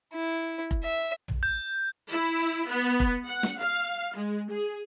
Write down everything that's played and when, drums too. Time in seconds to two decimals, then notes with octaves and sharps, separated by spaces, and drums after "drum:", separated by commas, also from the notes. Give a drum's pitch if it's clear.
0.13 E4
0.71 drum: kick F1
0.84 E5
1.28 drum: tom
1.43 G6
2.11 E4
2.70 B3
3.00 drum: kick F1
3.26 F#5
3.43 drum: snare
3.58 F5
4.16 G#3
4.50 G#4